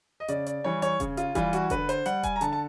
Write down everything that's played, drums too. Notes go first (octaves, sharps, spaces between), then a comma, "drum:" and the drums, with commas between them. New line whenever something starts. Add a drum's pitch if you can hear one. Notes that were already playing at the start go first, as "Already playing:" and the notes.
D#5
C#3 D5, drum: hi-hat
D5, drum: hi-hat
E3 G3 C#5
C#5, drum: hi-hat
C#3, drum: kick E1, hi-hat
F4, drum: hi-hat
E3 G3 F4, drum: kick E1, hi-hat
F#4, drum: hi-hat
D3 B4, drum: kick E1, hi-hat
C5, drum: hi-hat
G3 F#5, drum: hi-hat
G#5, drum: kick E1, hi-hat
A#5
D3 A5, drum: hi-hat
A5